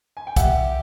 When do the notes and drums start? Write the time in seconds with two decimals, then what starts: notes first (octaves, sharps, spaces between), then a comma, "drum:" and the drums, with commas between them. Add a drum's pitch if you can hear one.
0.17 G#5
0.27 G5
0.36 G4 E5 F#5, drum: kick, hi-hat